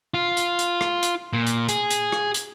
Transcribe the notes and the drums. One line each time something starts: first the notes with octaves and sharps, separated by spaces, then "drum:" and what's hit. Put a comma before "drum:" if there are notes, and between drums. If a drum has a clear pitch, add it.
F4
drum: hi-hat
drum: hi-hat
drum: rim click
drum: hi-hat
A#2
drum: hi-hat
G#4, drum: hi-hat
drum: hi-hat
drum: rim click
drum: hi-hat